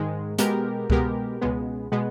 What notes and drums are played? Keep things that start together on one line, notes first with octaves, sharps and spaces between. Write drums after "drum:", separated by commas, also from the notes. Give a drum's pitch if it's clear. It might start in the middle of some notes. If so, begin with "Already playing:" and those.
Already playing: G#2 D#3 G#3
B2 G#3 B3 G4 A#4, drum: hi-hat
B2 G#3 B3 G4 A#4, drum: kick C2
C#2 B2 G#3 B3
B2 G#3 B3